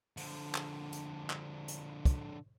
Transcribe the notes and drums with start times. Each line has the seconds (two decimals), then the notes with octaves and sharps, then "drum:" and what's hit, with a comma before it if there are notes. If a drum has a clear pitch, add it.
0.17 D3 F3, drum: open hi-hat
0.55 drum: clap
0.92 drum: hi-hat
1.30 drum: clap
1.68 drum: hi-hat
2.05 drum: kick, hi-hat